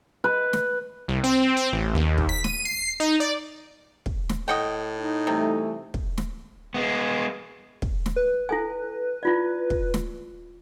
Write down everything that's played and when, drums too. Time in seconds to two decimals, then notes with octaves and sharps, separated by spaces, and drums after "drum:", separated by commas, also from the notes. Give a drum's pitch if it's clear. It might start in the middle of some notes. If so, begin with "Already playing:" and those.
0.24 B4
0.53 drum: snare
1.08 C2
1.24 C4
1.57 C4
1.73 A1
1.94 D#2
2.18 drum: kick
2.29 B6
2.44 D#7, drum: snare
2.65 C7
3.00 D#4
3.20 D5
4.06 drum: kick
4.29 drum: snare
4.48 A2 D#5 F#5 G5
4.98 D#4
5.27 C3 E3 G3 A3
5.94 drum: kick
6.18 drum: snare
6.74 G#3 B3
7.82 drum: kick
8.06 drum: snare
8.16 B4
8.49 E4 A4 G#5
9.23 E4 F4 D5
9.70 drum: kick
9.94 drum: snare